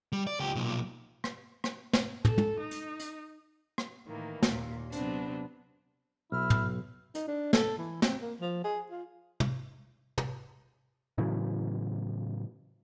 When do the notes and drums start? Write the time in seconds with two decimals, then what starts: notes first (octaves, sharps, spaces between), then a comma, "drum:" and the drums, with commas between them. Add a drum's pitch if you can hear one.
0.13 G3
0.27 D5
0.40 C#2 G4
0.55 B1 A#2
1.24 drum: rim click
1.64 drum: rim click
1.93 drum: snare
2.25 A4, drum: tom
2.38 drum: tom
2.60 D#4
2.71 drum: hi-hat
3.00 drum: hi-hat
3.78 drum: rim click
4.06 A2 D#3 E3 A#3
4.42 D#2 A#2, drum: snare
4.92 C3 F#3 B3 C4 D4, drum: hi-hat
6.32 B1 E4 F6
6.50 drum: tom
7.15 D#4, drum: hi-hat
7.28 D4
7.53 A4, drum: snare
7.78 E3
8.02 C4, drum: snare
8.21 A#3
8.41 F3
8.64 G#4
8.91 F4
9.40 drum: tom
10.18 drum: tom
11.18 A2 C#3 E3 F#3